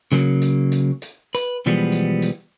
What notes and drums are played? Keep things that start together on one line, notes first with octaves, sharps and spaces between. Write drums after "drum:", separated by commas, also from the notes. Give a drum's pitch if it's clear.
C#3 F#3 A#3, drum: snare
drum: hi-hat
drum: hi-hat
drum: hi-hat
B4, drum: hi-hat
B2 E3 F3 G3 G#3 B3
drum: hi-hat
drum: hi-hat